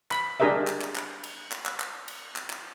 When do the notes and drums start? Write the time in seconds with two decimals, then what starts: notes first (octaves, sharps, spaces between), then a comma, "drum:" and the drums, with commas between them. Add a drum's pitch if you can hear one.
0.11 B5, drum: clap
0.40 D4 G4 G#4 A#4 D#5 E5
0.67 drum: clap
0.81 drum: clap
0.95 drum: clap
1.24 drum: cymbal
1.52 drum: clap
1.66 drum: clap
1.80 drum: clap
2.08 drum: cymbal
2.36 drum: clap
2.50 drum: clap